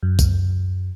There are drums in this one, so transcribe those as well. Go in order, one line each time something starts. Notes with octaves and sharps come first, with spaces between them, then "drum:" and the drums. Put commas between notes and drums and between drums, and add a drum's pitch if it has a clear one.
F#2
drum: kick, tambourine